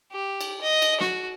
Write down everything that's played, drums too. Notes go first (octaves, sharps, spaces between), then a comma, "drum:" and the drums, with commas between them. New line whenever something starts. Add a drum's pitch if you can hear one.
G4
drum: cymbal
D#5
drum: cymbal
F#4, drum: snare